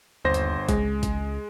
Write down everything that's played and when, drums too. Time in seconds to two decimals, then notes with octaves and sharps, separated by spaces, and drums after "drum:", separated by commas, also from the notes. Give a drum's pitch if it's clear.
0.25 G1 D#2 C5 A#6
0.34 drum: hi-hat
0.69 C#2 G#3, drum: kick G#1, hi-hat
1.03 drum: kick G#1, hi-hat